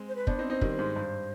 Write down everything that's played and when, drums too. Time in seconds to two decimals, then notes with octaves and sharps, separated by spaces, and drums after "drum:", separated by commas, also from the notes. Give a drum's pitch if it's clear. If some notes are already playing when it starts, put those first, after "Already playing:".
Already playing: G#3 C4
0.09 C5
0.15 B4
0.27 B3 D4 C5, drum: kick
0.39 C4 D#4
0.50 C4 D#4
0.61 D#3 G3, drum: kick
0.79 G#2
0.96 G2